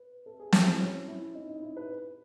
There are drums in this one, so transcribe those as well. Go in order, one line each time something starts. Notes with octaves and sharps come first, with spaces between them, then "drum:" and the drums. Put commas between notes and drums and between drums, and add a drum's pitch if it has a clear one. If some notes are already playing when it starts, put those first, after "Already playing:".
Already playing: B4
A4
G#4
F#4, drum: snare
E4
F#4
C#4
E4
D#4
D#4
E4
B4